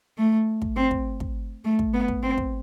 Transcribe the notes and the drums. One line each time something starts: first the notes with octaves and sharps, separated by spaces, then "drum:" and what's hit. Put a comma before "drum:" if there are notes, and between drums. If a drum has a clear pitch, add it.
A3
drum: kick
C4
drum: kick
drum: kick
A3
drum: kick
B3
drum: kick
C4
drum: kick